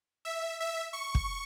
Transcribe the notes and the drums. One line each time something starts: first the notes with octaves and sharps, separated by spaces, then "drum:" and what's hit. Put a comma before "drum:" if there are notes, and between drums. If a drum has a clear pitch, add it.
E5
E5
C#6
drum: kick